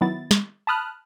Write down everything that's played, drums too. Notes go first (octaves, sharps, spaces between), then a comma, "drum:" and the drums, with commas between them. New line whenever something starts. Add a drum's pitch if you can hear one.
D#3 F#3 B3 E4 A6
drum: snare
A5 B5 D#6 F6 F#6